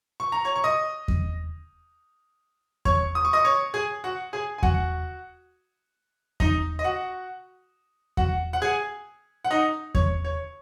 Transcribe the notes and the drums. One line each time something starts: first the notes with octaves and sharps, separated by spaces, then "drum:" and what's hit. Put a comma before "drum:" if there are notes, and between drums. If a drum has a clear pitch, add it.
C#6
A#5
C#5 C#6
C#6
D#5 D#6
drum: kick E2
C#5 C#6, drum: kick E2
D#6
C#6
D#5 D#6
C#5 C#6
G#4 G#5
F#4 F#5
G#4 G#5
G#5
F#4 F#5, drum: kick E2
D#4 D#5, drum: kick E2
D#5
F#4 F#5
F#4 F#5, drum: kick E2
F#5
G#4 G#5
F#5
D#4 D#5
C#5, drum: kick E2
C#5